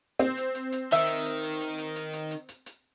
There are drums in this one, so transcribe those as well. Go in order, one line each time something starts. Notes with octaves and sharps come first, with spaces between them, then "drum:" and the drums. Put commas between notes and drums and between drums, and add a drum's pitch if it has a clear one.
C4, drum: hi-hat
drum: hi-hat
drum: hi-hat
drum: hi-hat
D#3 E5, drum: hi-hat
drum: hi-hat
drum: hi-hat
drum: hi-hat
drum: hi-hat
drum: hi-hat
drum: hi-hat
drum: hi-hat
drum: hi-hat
drum: hi-hat
drum: hi-hat